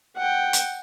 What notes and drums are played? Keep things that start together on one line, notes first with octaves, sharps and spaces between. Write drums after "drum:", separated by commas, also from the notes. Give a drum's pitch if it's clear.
F#5 G5
drum: hi-hat